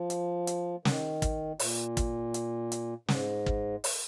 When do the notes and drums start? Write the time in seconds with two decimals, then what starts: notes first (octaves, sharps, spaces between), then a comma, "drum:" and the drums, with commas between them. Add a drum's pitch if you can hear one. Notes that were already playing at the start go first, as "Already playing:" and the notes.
Already playing: F3
0.10 drum: hi-hat
0.47 drum: hi-hat
0.85 D#3, drum: snare
1.22 drum: kick, hi-hat
1.59 A#2, drum: open hi-hat
1.97 drum: kick, hi-hat
2.34 drum: hi-hat
2.72 drum: hi-hat
3.08 G#2, drum: snare
3.46 drum: kick
3.84 drum: open hi-hat